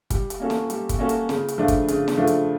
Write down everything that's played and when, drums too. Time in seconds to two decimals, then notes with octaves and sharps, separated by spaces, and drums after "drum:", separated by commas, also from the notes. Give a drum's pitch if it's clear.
0.10 G3, drum: kick, hi-hat
0.30 drum: hi-hat
0.40 A#3 C#4 F#4 A4
0.50 drum: snare
0.70 G3, drum: hi-hat
0.89 drum: kick, hi-hat
0.99 A#3 C#4 F#4 A4
1.09 drum: hi-hat
1.29 C#3, drum: snare
1.48 drum: hi-hat
1.58 F3 A3 D4 F4
1.68 drum: kick, hi-hat
1.88 C#3, drum: hi-hat
2.08 drum: snare
2.17 F3 A3 D4 F4
2.27 drum: hi-hat